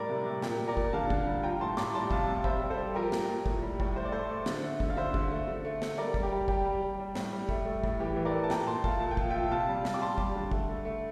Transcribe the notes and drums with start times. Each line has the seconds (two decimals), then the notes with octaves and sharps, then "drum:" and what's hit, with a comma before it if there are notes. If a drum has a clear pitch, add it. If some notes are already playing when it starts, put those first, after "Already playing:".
Already playing: A2 G3 A#4 D5
0.09 C3
0.26 C3
0.42 A#2 G4 A#4, drum: snare
0.59 A#2
0.68 A#4 D5
0.77 A#2, drum: kick
0.93 D3 F5 A5
1.10 D3, drum: kick
1.26 G3
1.43 F3 G5 A#5
1.60 A2 A5 C6
1.77 A2 A#5 D6, drum: snare
1.94 G3 A5 C6
2.11 C3 F5 A5, drum: kick
2.27 C3
2.44 G3 C5 E5, drum: kick
2.61 G3
2.70 A4 C5
2.78 G3
2.95 F3 G4 A#4
3.12 A#2, drum: snare
3.28 A#2
3.46 A2, drum: kick
3.62 G3
3.80 A2, drum: kick
3.96 A3 C5
4.05 D5
4.12 A3 A4 C5
4.29 A3
4.46 D3, drum: snare
4.63 A3
4.80 D3, drum: kick
4.90 F5
4.96 D3 C5 E5
5.14 D3, drum: kick
5.31 A3
5.48 D3
5.65 A3
5.82 A3, drum: snare
5.98 G3 A#4 D5
6.14 G3, drum: kick
6.23 G4
6.32 G3
6.48 G3 G4, drum: kick
6.65 G3
6.82 G3
6.99 G3
7.15 A2, drum: snare
7.32 G3
7.49 A3, drum: kick
7.66 A3
7.84 A2, drum: kick
8.00 E3 G4
8.16 E3
8.25 A#4 D5
8.33 A3
8.44 A5
8.50 A#2 G5 A#5, drum: snare
8.67 A#2 A5 C6
8.84 A3 F5 A5, drum: kick
9.00 A#2 A5
9.11 G5
9.17 F3 F5, drum: kick
9.30 E5 G5
9.34 F3
9.51 C3 F5 A5
9.68 G3
9.85 G3, drum: snare
9.94 D6
10.01 G3 A5 C6
10.18 G3, drum: kick
10.35 D3
10.51 A3, drum: kick
10.69 A3
10.85 A3